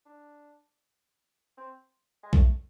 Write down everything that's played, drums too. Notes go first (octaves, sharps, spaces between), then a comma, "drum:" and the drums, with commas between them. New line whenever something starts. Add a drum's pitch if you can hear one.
D4
C4
G#3
A3, drum: kick A#1